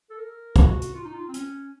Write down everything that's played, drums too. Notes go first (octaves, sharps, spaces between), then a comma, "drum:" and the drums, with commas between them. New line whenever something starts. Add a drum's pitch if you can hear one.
A4
A#4
F#4, drum: kick, hi-hat
drum: hi-hat
F4
D#4
F4
C4
C#4, drum: hi-hat